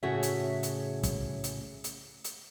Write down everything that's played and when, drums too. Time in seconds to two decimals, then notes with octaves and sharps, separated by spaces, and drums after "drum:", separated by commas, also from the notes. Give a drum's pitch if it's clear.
0.03 A2 C#3 C#4 F#4 G#4 E5
0.23 drum: hi-hat
0.63 drum: hi-hat
1.03 drum: kick, hi-hat
1.44 drum: hi-hat
1.84 drum: hi-hat
2.25 drum: hi-hat